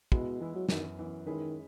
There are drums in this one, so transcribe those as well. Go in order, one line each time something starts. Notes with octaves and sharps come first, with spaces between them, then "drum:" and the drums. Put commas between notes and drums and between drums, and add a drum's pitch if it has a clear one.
B2 G#3 B3 E4, drum: kick
E3 G#3 B3 E4
F#3
F#2 D#3 E3 B3, drum: snare
F#2 E3 B3
D#3 G#3 C#4 E4 G#4 B4